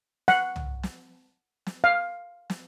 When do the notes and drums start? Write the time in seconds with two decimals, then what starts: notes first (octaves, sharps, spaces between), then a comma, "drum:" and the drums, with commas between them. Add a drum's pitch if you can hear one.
0.28 F#5, drum: snare
0.56 drum: tom C2
0.83 drum: snare
1.67 drum: snare
1.84 F5
2.50 drum: snare